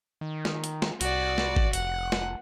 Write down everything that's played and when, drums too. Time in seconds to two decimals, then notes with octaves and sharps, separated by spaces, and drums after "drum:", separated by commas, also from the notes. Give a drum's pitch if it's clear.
0.21 D#3
0.45 drum: snare
0.64 drum: hi-hat
0.82 drum: snare
1.01 C2 F#4 D5, drum: hi-hat
1.38 drum: snare
1.56 drum: kick G#1
1.73 F1 F#5, drum: hi-hat
2.12 drum: snare